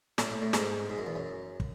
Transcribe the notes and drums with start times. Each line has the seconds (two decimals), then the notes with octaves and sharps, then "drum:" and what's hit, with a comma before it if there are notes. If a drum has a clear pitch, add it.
0.18 A2, drum: snare
0.31 A2
0.42 A2
0.53 G#2, drum: snare
0.90 G#2
0.98 F#2
1.06 E2
1.15 F#2
1.60 drum: kick